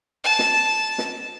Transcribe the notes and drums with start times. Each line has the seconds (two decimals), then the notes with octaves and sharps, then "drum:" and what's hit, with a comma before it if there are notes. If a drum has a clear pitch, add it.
0.24 A5
0.39 drum: snare
0.98 drum: snare